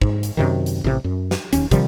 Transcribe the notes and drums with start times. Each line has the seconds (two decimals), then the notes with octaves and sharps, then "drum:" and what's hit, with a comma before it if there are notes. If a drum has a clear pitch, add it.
0.02 G#2, drum: kick
0.23 drum: hi-hat
0.37 F#2 C3 D#3
0.66 drum: hi-hat
0.84 A1 C3
1.04 F#2
1.31 drum: snare
1.53 D1 D#2 C#4, drum: hi-hat
1.71 C3 D#3 F3 G3, drum: kick, hi-hat